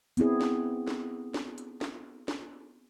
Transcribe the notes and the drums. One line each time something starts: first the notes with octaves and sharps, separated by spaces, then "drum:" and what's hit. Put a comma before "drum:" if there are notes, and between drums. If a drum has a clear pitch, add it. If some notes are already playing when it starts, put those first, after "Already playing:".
B3 C4 E4 G#4, drum: hi-hat
drum: snare
drum: snare
drum: snare
drum: hi-hat
drum: snare
drum: snare